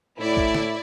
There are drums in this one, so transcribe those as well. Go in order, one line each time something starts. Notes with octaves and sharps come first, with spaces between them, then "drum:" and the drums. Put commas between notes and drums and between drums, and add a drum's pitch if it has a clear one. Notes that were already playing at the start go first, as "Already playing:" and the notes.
A2 E4 D5
drum: kick
drum: snare